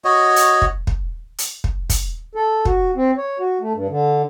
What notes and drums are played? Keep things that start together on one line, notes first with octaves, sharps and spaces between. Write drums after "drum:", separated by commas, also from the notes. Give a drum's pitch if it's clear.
F#4 C#5 D#5
drum: hi-hat
drum: kick
drum: kick
drum: hi-hat
drum: kick
drum: kick, hi-hat
A4
F#4, drum: kick
C4
C#5
F#4
A3
G2
D3